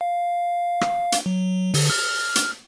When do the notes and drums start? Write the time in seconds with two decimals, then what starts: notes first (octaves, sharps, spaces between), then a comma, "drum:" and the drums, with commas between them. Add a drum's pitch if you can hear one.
0.01 F5
0.81 drum: rim click
1.12 drum: hi-hat
1.26 F#3
1.74 D3, drum: open hi-hat
1.90 F6
2.35 drum: hi-hat